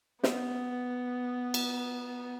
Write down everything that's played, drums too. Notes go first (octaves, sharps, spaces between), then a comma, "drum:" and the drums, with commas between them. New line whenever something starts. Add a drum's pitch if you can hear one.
B3, drum: snare
drum: cymbal